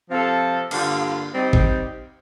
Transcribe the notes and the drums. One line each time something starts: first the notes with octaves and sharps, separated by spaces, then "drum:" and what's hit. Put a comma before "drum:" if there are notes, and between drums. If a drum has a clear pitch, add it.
C3 F3 C4 F4 A4
G2 D3 G3 A#3 F4, drum: cymbal
G3 C4 D#4 G4
drum: kick G#1